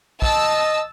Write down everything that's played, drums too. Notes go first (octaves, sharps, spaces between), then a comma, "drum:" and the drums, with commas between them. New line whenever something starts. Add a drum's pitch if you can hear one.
D#5 A5 E6, drum: kick